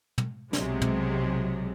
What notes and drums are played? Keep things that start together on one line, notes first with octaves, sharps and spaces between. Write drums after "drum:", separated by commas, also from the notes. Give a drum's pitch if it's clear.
drum: tom
B1 C3 F#3 G#3, drum: snare
drum: tom